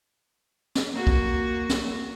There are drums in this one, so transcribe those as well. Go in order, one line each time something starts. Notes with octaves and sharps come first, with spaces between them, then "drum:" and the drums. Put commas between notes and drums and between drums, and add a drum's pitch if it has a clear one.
drum: snare
A#3 F#4
drum: kick
drum: snare